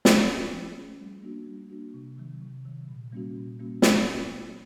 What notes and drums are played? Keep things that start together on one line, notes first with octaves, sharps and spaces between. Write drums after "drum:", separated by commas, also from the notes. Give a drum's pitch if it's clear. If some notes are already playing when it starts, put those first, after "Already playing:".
F3, drum: snare
A3 C#4 F4 G#4
F3
A3 C#4 F4 G#4
G3
A#3 D4 F#4
G3
A#3 D4 F#4
C3
D#3 F#3
C3
D#3 F#3
A#2
G3 A#3 C#4 F#4
A#2
G3 A#3 C#4 F#4
F#3, drum: snare
A#3 C#4 F#4
F#3